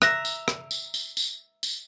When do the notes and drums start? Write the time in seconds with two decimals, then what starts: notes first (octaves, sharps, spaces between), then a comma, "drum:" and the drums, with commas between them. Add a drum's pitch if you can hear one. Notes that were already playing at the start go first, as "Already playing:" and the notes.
0.02 E5 A#5 F#6 A#6, drum: rim click
0.25 drum: tambourine
0.48 drum: rim click
0.71 drum: tambourine
0.94 drum: tambourine
1.17 drum: tambourine
1.63 drum: tambourine